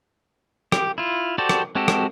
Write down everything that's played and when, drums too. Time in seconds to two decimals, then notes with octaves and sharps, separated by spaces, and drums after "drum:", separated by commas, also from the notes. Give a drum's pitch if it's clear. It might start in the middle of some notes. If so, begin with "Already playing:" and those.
0.72 G4, drum: rim click
0.98 E4 F4
1.38 F#4 G4 A4 C5 D5
1.49 drum: rim click
1.75 G#3 C4 F#4 G4 A4
1.88 drum: rim click